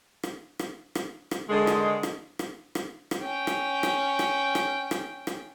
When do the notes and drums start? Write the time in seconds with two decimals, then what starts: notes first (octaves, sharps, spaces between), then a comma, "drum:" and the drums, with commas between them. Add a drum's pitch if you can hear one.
0.23 drum: rim click
0.59 drum: rim click
0.95 drum: rim click
1.31 drum: rim click
1.49 D3 D#3 G#3
1.67 drum: rim click
2.03 drum: rim click
2.39 drum: rim click
2.75 drum: rim click
3.11 drum: rim click
3.22 C#4 G5
3.47 drum: rim click
3.83 drum: rim click
4.19 drum: rim click
4.55 drum: rim click
4.91 drum: rim click
5.27 drum: rim click